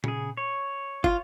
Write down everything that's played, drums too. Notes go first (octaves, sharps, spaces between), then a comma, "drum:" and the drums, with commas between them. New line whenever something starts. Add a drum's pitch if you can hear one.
C#3 G#4, drum: tom A#2
C#5
F4, drum: kick